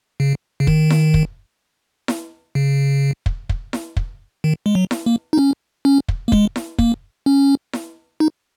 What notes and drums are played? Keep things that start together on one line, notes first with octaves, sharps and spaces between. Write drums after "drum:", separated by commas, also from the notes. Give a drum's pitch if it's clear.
C#3
C#3
D#3, drum: kick
drum: snare E4
drum: kick
drum: snare E4
C#3
drum: kick
drum: kick
drum: snare E4
drum: kick
D#3
G#3
F#3
drum: snare E4
A#3
D#4
C#4
C#4
drum: kick
A#3
G#3, drum: kick
drum: snare E4
A#3, drum: kick
C#4
drum: snare E4
D#4